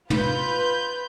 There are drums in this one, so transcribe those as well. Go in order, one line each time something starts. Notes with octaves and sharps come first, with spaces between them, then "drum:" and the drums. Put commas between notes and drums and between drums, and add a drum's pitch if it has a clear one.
F4 B4 G6, drum: tom